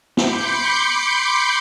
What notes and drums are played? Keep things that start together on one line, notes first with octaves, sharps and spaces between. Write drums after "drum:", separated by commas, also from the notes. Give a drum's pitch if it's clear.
B5 C6 D6 G6 C#7, drum: snare